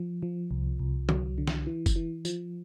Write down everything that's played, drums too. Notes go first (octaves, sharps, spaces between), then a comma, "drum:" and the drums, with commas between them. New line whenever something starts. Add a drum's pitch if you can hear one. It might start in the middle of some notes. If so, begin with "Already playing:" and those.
Already playing: F3
F3
C2
C2
F#3, drum: tom D3
D3
drum: snare
E3
drum: kick, tambourine
E3
F3, drum: tambourine